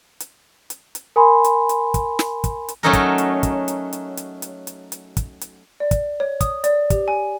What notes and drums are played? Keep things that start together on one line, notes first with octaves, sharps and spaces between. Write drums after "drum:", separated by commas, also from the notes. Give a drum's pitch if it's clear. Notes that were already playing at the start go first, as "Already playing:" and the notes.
drum: hi-hat
drum: hi-hat
drum: hi-hat
A#4 G#5 B5 C6
drum: hi-hat
drum: hi-hat
drum: kick, hi-hat
drum: snare
drum: kick, hi-hat
drum: hi-hat
F#3 A3 C#4 D#4 A4 A#4
drum: kick, hi-hat
drum: hi-hat
drum: kick, hi-hat
drum: hi-hat
drum: hi-hat
drum: hi-hat
drum: hi-hat
drum: hi-hat
drum: hi-hat
drum: kick, hi-hat
drum: hi-hat
D5
drum: kick, hi-hat
C#5
D#6, drum: kick, hi-hat
D5, drum: hi-hat
G4, drum: kick, hi-hat
G#5